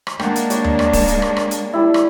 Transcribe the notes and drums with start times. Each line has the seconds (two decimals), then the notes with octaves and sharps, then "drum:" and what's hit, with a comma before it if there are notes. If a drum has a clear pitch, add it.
0.07 drum: rim click
0.19 G#3 A#3 D4 F#5 G5, drum: rim click
0.36 drum: hi-hat
0.50 G3 C#5, drum: hi-hat
0.64 drum: tom D#2
0.79 drum: rim click
0.93 drum: kick D1, open hi-hat
1.08 drum: hi-hat
1.22 drum: rim click
1.37 drum: rim click
1.51 drum: hi-hat
1.73 G3 E4
1.94 drum: rim click